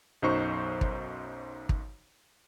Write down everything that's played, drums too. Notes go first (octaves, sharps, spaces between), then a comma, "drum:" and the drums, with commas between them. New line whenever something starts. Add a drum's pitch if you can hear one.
B1 F#2 D#4 C5 C#6
drum: kick
drum: kick